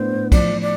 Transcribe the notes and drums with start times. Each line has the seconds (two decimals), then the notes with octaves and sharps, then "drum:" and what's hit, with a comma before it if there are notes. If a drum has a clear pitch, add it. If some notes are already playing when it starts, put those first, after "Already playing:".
Already playing: A2 B3 D4 C5
0.12 A2
0.32 F3 D5, drum: kick, cymbal
0.51 F3
0.61 D5